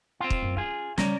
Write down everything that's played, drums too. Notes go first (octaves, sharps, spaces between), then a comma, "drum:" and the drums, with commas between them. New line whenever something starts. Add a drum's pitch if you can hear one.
C4 F4
drum: kick
F#2
C#4 F4 G#4
C#3 G3 C#4 D5 A#5, drum: snare